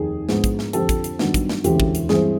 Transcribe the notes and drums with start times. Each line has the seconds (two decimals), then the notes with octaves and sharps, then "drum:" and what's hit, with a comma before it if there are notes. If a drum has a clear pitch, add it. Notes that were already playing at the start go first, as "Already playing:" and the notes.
Already playing: F1 D#2 D#3 G#4
0.29 G#2 F3 G#3 B3 D4, drum: snare
0.44 drum: kick, hi-hat
0.59 drum: snare
0.73 F2 D3 F3 G4 A4, drum: hi-hat
0.89 drum: kick, hi-hat
1.04 drum: hi-hat
1.19 G2 D#3 F#3 B3 D4, drum: snare
1.34 drum: kick, hi-hat
1.49 drum: snare
1.64 E1 D2 C#3 E3 G4, drum: hi-hat
1.80 drum: kick
1.95 drum: hi-hat
2.09 G2 E3 G#3 C4 G#4, drum: snare